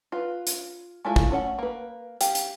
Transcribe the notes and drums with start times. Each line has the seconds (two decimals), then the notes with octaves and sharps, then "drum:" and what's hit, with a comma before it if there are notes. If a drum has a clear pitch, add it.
0.12 F4 B4
0.47 drum: hi-hat
1.05 G#3 A3 E4 F4
1.16 drum: kick
1.31 A3 C#4 C#5 F#5
1.59 A#3 B4
2.21 G4 F5 G5, drum: hi-hat
2.35 drum: hi-hat